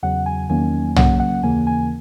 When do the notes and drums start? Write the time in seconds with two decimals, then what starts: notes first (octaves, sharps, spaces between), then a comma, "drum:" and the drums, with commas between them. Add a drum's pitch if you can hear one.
0.03 E2 C#3 F#3 F#5
0.26 G#5
0.50 E2 D#3 F#3 A#3 C#4 G#5
0.96 C#3 F#3 A#3 C#4 F#5, drum: tom
1.20 F#5
1.43 D#2 C#3 E3 A#3 G#5
1.67 G#5